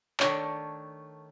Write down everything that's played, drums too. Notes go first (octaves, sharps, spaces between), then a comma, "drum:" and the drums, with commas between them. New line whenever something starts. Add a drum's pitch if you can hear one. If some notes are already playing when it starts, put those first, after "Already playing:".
D#3 A3 D4 C#5, drum: clap